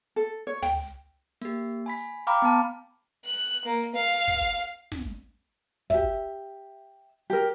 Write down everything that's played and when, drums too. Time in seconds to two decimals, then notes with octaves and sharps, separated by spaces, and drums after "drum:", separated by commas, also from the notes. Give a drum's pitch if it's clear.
0.16 A4
0.47 C#5
0.62 G5, drum: tom
1.41 A#3 G4, drum: open hi-hat
1.86 G#5 B5 B6
1.97 drum: hi-hat
2.27 F5 G5 A#5 B5 D6 F6
2.42 B3 A5
3.25 F#6
3.65 A#3
3.96 F5
4.28 drum: kick
4.92 drum: snare
5.90 G4 E5, drum: kick
7.30 G4 A#4, drum: hi-hat